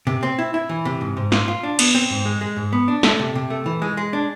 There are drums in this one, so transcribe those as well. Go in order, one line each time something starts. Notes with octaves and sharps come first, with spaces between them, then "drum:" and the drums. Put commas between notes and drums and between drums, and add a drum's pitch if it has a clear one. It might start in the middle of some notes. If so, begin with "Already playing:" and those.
C3
C4
E4
E4
E3
C3
G#2
G#2
F4, drum: snare
F4
D4
B3, drum: cymbal
C4
G#2
G#3
G#3
G#2
B3
D4
A3, drum: snare
C3
C3
A3
E3
G#3
G#3
D4